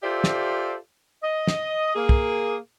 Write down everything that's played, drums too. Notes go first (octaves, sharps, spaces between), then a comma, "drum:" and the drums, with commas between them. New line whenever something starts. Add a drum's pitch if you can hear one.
F4 G4 A4 C5 D5 E5
drum: snare
D#5
drum: snare
A#3 G#4
drum: kick